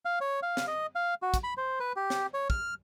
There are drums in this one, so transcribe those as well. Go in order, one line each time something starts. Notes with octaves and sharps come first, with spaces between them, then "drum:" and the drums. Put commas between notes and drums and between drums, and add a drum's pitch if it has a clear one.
F5
C#5
F5
drum: snare
D#5
F5
F#4
drum: kick, hi-hat
B5
C5
B4
G4
drum: snare
C#5
F6, drum: kick